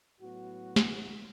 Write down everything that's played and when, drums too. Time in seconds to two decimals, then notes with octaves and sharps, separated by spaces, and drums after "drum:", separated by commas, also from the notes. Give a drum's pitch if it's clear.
0.21 A2 F#3 B3 F#4
0.76 drum: snare